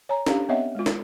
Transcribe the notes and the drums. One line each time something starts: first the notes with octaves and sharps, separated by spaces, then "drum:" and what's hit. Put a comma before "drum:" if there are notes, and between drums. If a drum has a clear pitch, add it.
C#5 G#5 A#5
C#4 D4 G4 F5, drum: snare
B3 C4 C#5 D#5 E5 F#5
G#3 F4
drum: snare